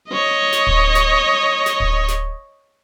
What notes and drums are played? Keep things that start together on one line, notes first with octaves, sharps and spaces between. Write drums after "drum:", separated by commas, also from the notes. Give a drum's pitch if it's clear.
C#5 D#5
drum: snare
drum: kick D1
drum: snare
drum: snare
drum: kick D1
drum: snare